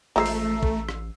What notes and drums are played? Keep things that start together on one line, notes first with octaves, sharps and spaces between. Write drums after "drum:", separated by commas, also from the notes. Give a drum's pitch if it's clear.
A1 F3 G#3 A3 A#5 E6 C7
drum: open hi-hat
drum: kick
drum: rim click